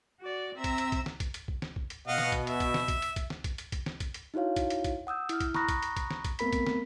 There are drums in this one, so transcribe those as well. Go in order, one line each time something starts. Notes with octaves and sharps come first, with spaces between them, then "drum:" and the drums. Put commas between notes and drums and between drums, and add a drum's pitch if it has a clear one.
F#4 D5
C4 E5 A#5 E6
drum: kick, hi-hat
drum: hi-hat
drum: kick, hi-hat
drum: snare
drum: kick, hi-hat
drum: hi-hat
drum: kick
drum: snare
drum: kick
drum: hi-hat
B2 D#5 F5 F#5
drum: snare
drum: kick, hi-hat
E5, drum: hi-hat
drum: kick, hi-hat
drum: snare
drum: kick, hi-hat
drum: hi-hat
drum: kick, hi-hat
drum: snare
drum: kick, hi-hat
drum: hi-hat
drum: kick, hi-hat
drum: snare
drum: kick, hi-hat
drum: hi-hat
D#4 E4 F#4 C#5 F5
drum: kick, hi-hat
drum: hi-hat
drum: kick, hi-hat
F#5 D#6 E6 G6
E4 F6, drum: hi-hat
drum: kick, hi-hat
A#5 B5 C#6 D#6 F#6 A#6, drum: snare
drum: kick, hi-hat
drum: hi-hat
drum: kick, hi-hat
drum: snare
drum: kick, hi-hat
A3 B3 C4 A#4 B5 B6, drum: hi-hat
drum: kick, hi-hat
drum: snare